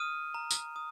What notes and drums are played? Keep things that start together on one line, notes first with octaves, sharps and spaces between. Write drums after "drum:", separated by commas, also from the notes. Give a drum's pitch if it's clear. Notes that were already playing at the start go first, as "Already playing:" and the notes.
Already playing: D#6 F6 D#7
A#5
drum: tambourine
D#6